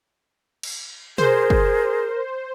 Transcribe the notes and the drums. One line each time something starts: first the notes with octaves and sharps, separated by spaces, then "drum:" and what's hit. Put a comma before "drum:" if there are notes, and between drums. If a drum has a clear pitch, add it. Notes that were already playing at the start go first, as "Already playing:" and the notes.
drum: cymbal
G#4 A#4 C5, drum: tom B2
drum: kick